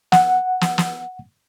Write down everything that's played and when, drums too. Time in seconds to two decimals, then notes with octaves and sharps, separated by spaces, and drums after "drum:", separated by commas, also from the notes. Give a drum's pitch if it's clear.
0.12 F#5, drum: snare
0.61 drum: snare
0.78 drum: snare